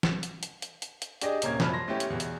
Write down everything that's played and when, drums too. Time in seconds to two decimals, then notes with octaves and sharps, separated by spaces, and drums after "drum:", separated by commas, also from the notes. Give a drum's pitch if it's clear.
0.03 drum: snare
0.23 drum: hi-hat
0.43 drum: hi-hat
0.62 drum: hi-hat
0.82 drum: hi-hat
1.02 drum: hi-hat
1.21 D4 G4 G#4 D5 D#5, drum: hi-hat
1.42 D#1 C3 A#3 C#4 G#6, drum: hi-hat
1.60 C2 F#2 F3 A5 B5 F6, drum: snare
1.73 C6 A#6
1.88 A3 B3 C#4 E4 G4
2.00 drum: hi-hat
2.10 E2 B2
2.20 drum: hi-hat